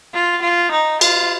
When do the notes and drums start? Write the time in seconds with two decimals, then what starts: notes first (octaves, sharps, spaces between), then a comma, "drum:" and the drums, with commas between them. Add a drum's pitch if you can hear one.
0.14 F4
0.42 F4
0.72 D#4
1.01 F4, drum: cymbal